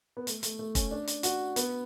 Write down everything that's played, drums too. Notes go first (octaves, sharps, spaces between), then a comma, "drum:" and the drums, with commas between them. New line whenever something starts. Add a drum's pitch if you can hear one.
B3
A3, drum: hi-hat
A3, drum: hi-hat
A3
C#4, drum: kick, hi-hat
D4
drum: hi-hat
F#4, drum: hi-hat
B3, drum: hi-hat